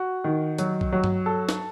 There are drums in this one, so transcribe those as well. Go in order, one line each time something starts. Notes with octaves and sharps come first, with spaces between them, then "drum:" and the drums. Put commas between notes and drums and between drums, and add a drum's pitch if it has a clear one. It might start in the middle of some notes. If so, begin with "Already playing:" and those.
Already playing: F#4
D#3
F#3, drum: hi-hat
drum: kick B1
F#3
drum: tom G2
A4
drum: snare